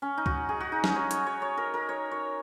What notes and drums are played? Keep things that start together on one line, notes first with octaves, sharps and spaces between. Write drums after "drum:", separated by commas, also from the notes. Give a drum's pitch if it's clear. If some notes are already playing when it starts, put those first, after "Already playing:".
C#4
D#4
F#4, drum: kick C2
G#4
F#4
D#4
C#4, drum: snare
C#5
C#5, drum: hi-hat
C#5
C#5
A#4
A#4
C#5
C#5